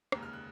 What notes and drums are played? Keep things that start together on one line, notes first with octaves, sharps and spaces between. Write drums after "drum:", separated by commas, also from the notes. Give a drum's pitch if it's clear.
F1 D#2 C#3 G#3 A#5, drum: rim click
F6
F#6